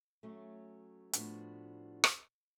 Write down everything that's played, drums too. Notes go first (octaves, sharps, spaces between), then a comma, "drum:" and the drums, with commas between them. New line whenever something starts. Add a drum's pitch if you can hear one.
F#3 A3 C#4
A2 F3 B3 D4 F#4, drum: hi-hat
drum: rim click